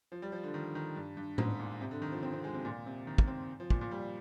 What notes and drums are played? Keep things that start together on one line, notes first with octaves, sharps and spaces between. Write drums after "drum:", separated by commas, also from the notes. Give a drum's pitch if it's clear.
F3
G3
F3
D3
D#3
D#3
G2
G2
G#2, drum: tom A2
A#2
C3
D3
D#3
F3
C4
C4
G#3
C3
A#2
C3
D#3
drum: kick
C4
F3
A#2, drum: kick
A#2
G3